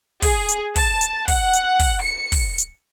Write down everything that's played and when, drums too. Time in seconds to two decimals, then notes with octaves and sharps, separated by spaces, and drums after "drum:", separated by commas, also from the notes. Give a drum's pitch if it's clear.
0.22 G#4, drum: kick, open hi-hat
0.48 drum: hi-hat
0.76 A5, drum: kick, open hi-hat
1.01 drum: hi-hat
1.28 F#5, drum: kick, open hi-hat
1.53 drum: hi-hat
1.79 drum: kick, open hi-hat
2.01 C#7
2.32 drum: kick, open hi-hat
2.58 drum: hi-hat